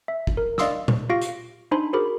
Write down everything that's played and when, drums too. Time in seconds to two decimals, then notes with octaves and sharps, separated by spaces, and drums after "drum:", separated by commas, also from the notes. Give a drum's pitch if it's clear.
0.08 E5
0.27 drum: kick
0.37 A#4
0.58 D5 D#5 F5 C6 D#6 E6, drum: snare
0.88 drum: tom A#2
1.09 F4 G4 F5 C#6 A#6 D7
1.22 drum: hi-hat
1.71 D4 D#4 C5 G#5 B5 C6
1.93 F#4 G#4 A#4 C5 B5 D6